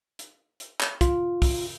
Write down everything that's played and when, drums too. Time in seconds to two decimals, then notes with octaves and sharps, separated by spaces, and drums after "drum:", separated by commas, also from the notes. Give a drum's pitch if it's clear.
0.19 drum: hi-hat
0.60 drum: hi-hat
0.80 drum: clap
1.01 F4, drum: kick, hi-hat
1.42 drum: kick, open hi-hat